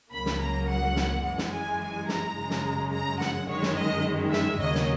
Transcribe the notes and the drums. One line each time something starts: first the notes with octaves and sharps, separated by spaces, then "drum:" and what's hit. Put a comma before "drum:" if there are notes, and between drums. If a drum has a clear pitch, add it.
C#2 C#3 F#3 A#3 B5
drum: snare
A#5
F#5
drum: snare
F#2 E3 G#3 F#5
drum: snare
G#5
G#5
A#5, drum: snare
F#2 C#3 G#3
drum: snare
A#5
F#5, drum: snare
F#2 D#3 G#3 C#5
drum: snare
D#5
E5, drum: snare
D#2 C#3 F#3 A#3 D#5
drum: snare